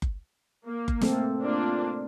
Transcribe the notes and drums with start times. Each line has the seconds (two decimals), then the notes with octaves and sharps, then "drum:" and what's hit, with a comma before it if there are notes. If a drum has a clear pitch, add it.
0.02 drum: kick F#1
0.65 A#3
0.88 drum: kick F#1
1.01 A3 C4 A4, drum: snare
1.41 A#3 D4 F4